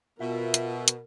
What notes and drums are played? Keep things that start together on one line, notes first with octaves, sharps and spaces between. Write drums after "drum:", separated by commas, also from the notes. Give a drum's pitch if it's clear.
B2 F4 A#4 E5
drum: hi-hat
drum: hi-hat